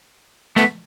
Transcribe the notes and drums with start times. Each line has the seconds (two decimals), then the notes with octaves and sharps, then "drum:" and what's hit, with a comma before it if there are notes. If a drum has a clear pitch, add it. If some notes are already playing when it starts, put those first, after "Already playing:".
0.56 A3 B3, drum: snare